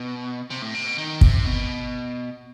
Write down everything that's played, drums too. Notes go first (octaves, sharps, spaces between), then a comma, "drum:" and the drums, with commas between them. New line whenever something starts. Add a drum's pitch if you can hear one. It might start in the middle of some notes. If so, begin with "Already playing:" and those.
Already playing: B2
C3
A2
C3
B2
D#3
C3, drum: kick
B2